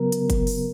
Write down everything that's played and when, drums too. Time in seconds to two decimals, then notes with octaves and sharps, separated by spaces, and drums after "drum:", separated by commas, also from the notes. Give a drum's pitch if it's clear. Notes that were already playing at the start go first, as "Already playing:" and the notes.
Already playing: C#3 F#3 B3 A#4
0.12 drum: hi-hat
0.30 drum: kick F#1, hi-hat
0.47 drum: open hi-hat